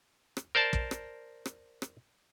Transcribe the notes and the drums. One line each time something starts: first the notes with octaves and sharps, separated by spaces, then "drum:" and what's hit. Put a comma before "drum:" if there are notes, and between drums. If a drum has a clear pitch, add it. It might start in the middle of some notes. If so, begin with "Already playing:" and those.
drum: rim click
A#4 C5 D5 A5
drum: kick
drum: rim click
drum: rim click
drum: rim click